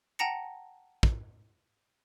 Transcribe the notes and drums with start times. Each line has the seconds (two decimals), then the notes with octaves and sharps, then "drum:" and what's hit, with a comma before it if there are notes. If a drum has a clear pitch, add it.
0.19 F#5 G5 A5 A#5 A#6 C#7
1.03 drum: kick